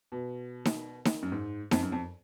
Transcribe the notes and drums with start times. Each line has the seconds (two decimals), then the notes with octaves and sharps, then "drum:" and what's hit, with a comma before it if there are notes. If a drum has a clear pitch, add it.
0.12 B2
0.65 drum: snare D#4
1.05 drum: snare D#4
1.22 F#2
1.32 G#2
1.71 F2, drum: snare D#4
1.82 F#2
1.92 F2